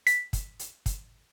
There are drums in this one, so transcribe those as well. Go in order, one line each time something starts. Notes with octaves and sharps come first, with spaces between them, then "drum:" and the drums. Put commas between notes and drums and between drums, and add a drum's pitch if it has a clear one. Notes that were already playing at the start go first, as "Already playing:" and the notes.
B6, drum: hi-hat
drum: kick, hi-hat
drum: hi-hat
drum: kick, hi-hat